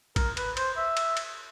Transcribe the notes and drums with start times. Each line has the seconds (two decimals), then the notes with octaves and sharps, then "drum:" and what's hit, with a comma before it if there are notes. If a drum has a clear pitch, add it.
0.16 A#4, drum: kick A1, cymbal
0.37 B4, drum: cymbal
0.57 C5, drum: cymbal
0.77 E5
0.97 drum: cymbal
1.17 drum: cymbal